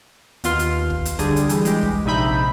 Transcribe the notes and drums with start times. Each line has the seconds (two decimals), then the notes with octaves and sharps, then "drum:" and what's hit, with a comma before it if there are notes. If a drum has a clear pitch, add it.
0.44 D#2 B3 F4 C6 F6, drum: hi-hat
0.59 drum: hi-hat
0.90 drum: kick
1.05 drum: hi-hat
1.19 D3 G3 G#4, drum: kick, hi-hat
1.36 drum: hi-hat
1.49 E3 G3, drum: hi-hat
1.65 G#3 G4, drum: hi-hat
1.82 drum: kick
2.05 A#1 C3 D#4 E5 B5 G6